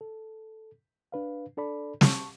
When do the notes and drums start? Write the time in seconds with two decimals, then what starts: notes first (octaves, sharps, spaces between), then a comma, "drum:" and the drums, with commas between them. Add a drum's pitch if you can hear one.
0.01 A4
1.12 D4 B4 F5
1.57 D4 A4 D5 B5
2.01 A5 C#6, drum: snare